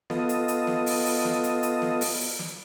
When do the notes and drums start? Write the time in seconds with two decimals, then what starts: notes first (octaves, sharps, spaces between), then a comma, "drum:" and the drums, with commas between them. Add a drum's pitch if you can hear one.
0.10 B3 F4 A4 D#5, drum: snare
0.29 drum: hi-hat
0.48 drum: hi-hat
0.67 drum: snare
0.86 drum: open hi-hat
1.05 drum: open hi-hat
1.25 drum: snare
1.44 drum: hi-hat
1.63 drum: hi-hat
1.82 drum: snare
2.01 drum: open hi-hat
2.20 drum: open hi-hat
2.39 drum: snare